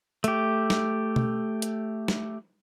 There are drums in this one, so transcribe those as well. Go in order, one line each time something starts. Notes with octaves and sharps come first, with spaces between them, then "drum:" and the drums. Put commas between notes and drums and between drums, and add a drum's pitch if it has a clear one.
A3 G4, drum: hi-hat
drum: snare
drum: tom B2
drum: hi-hat
drum: snare